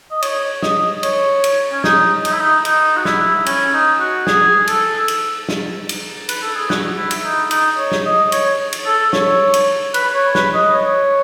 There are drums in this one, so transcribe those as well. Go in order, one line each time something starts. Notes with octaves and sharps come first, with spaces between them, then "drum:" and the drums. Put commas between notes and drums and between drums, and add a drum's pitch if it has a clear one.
D#5
C#5, drum: cymbal
D#5, drum: snare
C#5, drum: cymbal
drum: cymbal
C#4
D#4, drum: snare
D#4, drum: cymbal
E4
D#4
D#4, drum: cymbal
F#4
E4, drum: snare
C#4, drum: cymbal
D#4
F#4
G#4, drum: snare
A4, drum: cymbal
drum: cymbal
drum: snare
drum: cymbal
B4, drum: cymbal
A4
G#4
F#4, drum: snare
E4
drum: cymbal
D#4
D#4, drum: cymbal
C#5
drum: snare
D#5
C#5, drum: cymbal
drum: cymbal
A4
C#5, drum: snare
drum: cymbal
B4, drum: cymbal
C#5
B4, drum: snare
D#5
C#5